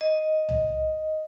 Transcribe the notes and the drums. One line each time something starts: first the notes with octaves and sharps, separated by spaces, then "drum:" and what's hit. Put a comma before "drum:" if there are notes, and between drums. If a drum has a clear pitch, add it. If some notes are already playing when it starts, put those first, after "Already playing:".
D#5
drum: tom C2